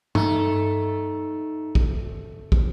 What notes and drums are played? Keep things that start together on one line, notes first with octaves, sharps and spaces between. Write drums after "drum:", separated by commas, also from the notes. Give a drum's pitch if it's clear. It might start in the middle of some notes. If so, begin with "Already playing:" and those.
A3 D#4, drum: tom G2
drum: kick
drum: kick